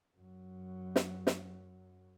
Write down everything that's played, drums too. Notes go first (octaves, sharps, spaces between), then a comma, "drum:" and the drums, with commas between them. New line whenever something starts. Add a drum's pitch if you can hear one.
F#2 F#3
drum: snare
drum: snare